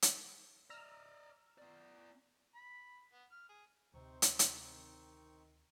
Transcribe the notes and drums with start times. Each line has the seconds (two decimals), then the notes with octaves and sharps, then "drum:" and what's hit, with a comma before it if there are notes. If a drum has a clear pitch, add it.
0.02 drum: hi-hat
0.70 D5 D#5 A#5 E6 F6
1.58 B3 D5
2.55 B5
3.13 B3
3.31 F6
3.49 G#4
3.94 D2 C3 C4 D#4 C5 C#6
4.22 drum: hi-hat
4.39 drum: hi-hat
4.64 D#3